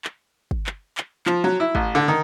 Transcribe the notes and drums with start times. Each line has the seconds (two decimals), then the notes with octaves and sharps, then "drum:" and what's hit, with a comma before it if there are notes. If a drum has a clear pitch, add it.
0.05 drum: clap
0.51 drum: kick
0.66 drum: clap
0.97 drum: clap
1.26 F3, drum: clap
1.44 F#3
1.60 E4
1.75 A1, drum: kick
1.95 D3
2.08 D#3